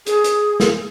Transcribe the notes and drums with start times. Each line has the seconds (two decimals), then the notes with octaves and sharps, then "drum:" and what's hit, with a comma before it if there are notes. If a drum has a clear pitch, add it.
0.06 G#4, drum: hi-hat
0.24 drum: hi-hat
0.60 drum: snare